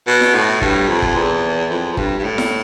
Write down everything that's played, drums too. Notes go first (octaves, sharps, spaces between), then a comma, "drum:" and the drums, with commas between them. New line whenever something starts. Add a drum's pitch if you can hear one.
B2
drum: snare E4
A2
G2, drum: kick
F2
drum: kick
E2
F2
F2
G2, drum: kick
G2
A2
drum: snare E4